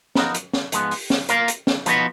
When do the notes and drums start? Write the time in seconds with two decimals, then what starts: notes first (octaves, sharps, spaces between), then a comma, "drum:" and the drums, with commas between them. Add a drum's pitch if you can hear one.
0.15 F3 B3 D#4 F#4 A#4, drum: snare
0.35 drum: hi-hat
0.53 drum: snare
0.72 G#2 F3 G#3 B3, drum: hi-hat
0.91 drum: open hi-hat
1.10 drum: snare
1.29 A#3 F4 A#4 F5, drum: hi-hat
1.48 drum: hi-hat
1.67 drum: snare
1.86 F3 B3 D#4 F#4 B4, drum: hi-hat